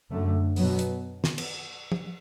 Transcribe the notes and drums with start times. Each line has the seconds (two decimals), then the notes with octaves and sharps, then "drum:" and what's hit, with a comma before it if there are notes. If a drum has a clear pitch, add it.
0.10 F#2 D3 A3
0.56 B2 F#3 B3, drum: open hi-hat
0.79 drum: hi-hat
1.24 drum: snare
1.38 drum: cymbal
1.92 drum: tom